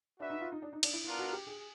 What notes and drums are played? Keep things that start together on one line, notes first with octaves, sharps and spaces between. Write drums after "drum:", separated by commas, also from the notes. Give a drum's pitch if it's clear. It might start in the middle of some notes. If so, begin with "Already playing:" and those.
D4 F#4 B4 E5
D#4
F4
D#4
D4
D#4
D4, drum: cymbal
E4
B3 D4 E4 F4 A#4
F#4
G4
G#4